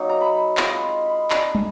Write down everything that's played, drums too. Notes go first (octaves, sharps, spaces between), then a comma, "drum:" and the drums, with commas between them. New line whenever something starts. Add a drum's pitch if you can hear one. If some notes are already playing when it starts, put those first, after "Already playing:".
Already playing: F#3 A#3 C#4 D#4
A#5
B5
G#3 C4 F4 B5, drum: clap
C6
B5
G3 C4 D#4 A5, drum: clap
G#5, drum: tom